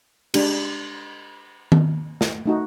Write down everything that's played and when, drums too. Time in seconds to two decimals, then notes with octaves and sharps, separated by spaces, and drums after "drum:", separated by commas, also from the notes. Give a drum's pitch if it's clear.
0.34 G#3 D4 G4, drum: cymbal
1.72 drum: tom D#3
2.21 drum: snare
2.46 A3 D#4 F#4